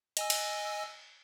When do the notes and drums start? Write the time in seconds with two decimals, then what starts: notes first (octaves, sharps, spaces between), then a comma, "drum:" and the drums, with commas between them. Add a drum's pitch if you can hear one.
0.17 D#5 G#5 E6, drum: hi-hat
0.30 drum: cymbal